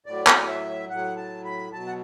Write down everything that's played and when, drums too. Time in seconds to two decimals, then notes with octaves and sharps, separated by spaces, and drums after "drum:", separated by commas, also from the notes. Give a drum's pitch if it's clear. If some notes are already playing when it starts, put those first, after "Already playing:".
0.06 A2 F#3 D5
0.27 drum: clap
0.48 E5
0.89 A2 F#3 F#5
1.16 A5
1.45 B5
1.72 B2 F#3 A5
1.87 F#5